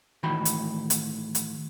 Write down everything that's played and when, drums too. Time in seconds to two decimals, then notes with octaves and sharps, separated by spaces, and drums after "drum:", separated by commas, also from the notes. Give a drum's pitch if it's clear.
0.23 A2 D#3 E3 F#4 G5 B5
0.45 drum: hi-hat
0.90 drum: hi-hat
1.35 drum: hi-hat